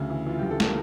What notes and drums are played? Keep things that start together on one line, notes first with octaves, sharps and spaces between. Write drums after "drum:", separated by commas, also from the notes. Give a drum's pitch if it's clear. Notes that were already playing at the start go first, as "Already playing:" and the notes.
Already playing: D2 C#3
E3
E3 F4
D2 G4
A4
C#3 A#4, drum: snare